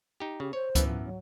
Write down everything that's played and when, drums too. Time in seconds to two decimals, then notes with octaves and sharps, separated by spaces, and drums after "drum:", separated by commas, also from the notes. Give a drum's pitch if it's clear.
0.20 D#4 G4
0.40 C#3 G4
0.53 C5 C#5
0.75 F#2 E3 B3, drum: kick C#2, hi-hat
0.87 F3
1.05 F#3